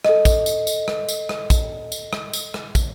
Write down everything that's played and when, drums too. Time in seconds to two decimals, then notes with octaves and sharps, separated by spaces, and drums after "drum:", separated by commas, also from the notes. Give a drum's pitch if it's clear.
0.05 A4 D#5, drum: rim click
0.25 drum: kick, tambourine
0.46 drum: tambourine
0.67 drum: tambourine
0.88 drum: rim click
1.09 drum: tambourine
1.29 drum: rim click
1.50 drum: kick, tambourine
1.92 drum: tambourine
2.13 drum: rim click
2.33 drum: tambourine
2.54 drum: rim click
2.75 drum: kick, tambourine